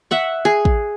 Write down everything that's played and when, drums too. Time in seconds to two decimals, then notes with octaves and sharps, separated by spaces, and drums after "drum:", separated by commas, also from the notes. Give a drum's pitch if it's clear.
0.11 E5 F#5 C#6
0.45 G#4
0.65 drum: kick